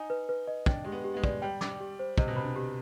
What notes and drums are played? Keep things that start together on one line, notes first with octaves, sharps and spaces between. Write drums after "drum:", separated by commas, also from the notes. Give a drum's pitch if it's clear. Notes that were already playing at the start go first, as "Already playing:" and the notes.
Already playing: D#4 G#5
B4
B4
D#5
D4 G5, drum: kick
G#3 G4
B3
G4
B3
G#3
D5, drum: kick
G3 G5
D6, drum: snare
G4
C5
C3 D#5, drum: kick
B2
C3 B5
D3
G4